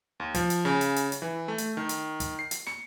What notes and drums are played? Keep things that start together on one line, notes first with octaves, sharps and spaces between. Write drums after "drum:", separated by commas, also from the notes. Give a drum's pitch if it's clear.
D#2
F3, drum: kick, hi-hat
drum: hi-hat
C#3, drum: snare
drum: hi-hat
drum: hi-hat
drum: hi-hat
E3
A3
drum: hi-hat
D#3
drum: hi-hat
drum: kick, hi-hat
C7
drum: hi-hat
C#7, drum: snare